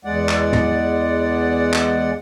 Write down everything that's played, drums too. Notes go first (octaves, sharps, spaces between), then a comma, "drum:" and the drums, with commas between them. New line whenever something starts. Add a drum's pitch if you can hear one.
E2 G#3 D5 F#5
drum: clap
drum: tom
drum: clap